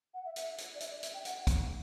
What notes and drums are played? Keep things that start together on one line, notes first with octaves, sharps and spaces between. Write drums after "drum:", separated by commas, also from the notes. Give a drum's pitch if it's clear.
F#5
E5
E5, drum: hi-hat
drum: hi-hat
D5
E5, drum: hi-hat
D5
E5, drum: hi-hat
G5
F#5, drum: hi-hat
drum: kick, hi-hat